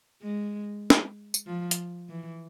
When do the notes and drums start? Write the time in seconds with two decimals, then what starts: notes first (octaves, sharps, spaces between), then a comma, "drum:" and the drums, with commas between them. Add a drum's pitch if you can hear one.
0.22 G#3
0.90 drum: snare
1.34 drum: tambourine
1.47 F3
1.71 drum: hi-hat
2.09 E3